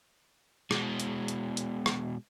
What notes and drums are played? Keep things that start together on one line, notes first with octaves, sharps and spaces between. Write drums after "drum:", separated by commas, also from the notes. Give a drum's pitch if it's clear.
B2 G#3, drum: rim click
drum: hi-hat
drum: hi-hat
drum: hi-hat
drum: rim click